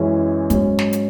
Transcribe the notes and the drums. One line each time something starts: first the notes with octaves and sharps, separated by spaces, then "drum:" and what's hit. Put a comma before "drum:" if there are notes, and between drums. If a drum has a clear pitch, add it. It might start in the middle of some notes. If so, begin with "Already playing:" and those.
Already playing: F#2 E3 G#3 C#4 E4
G#2 F#3 C#4, drum: kick, hi-hat
drum: snare
drum: hi-hat